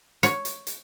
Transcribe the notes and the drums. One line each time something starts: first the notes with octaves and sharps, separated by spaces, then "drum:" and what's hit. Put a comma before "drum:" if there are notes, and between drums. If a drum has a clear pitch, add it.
C#5, drum: hi-hat
drum: hi-hat
drum: hi-hat